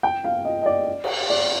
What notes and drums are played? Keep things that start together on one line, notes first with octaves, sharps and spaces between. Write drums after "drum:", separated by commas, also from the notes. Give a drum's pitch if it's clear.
G5
F5
D#5
D#5
D5
drum: cymbal
D5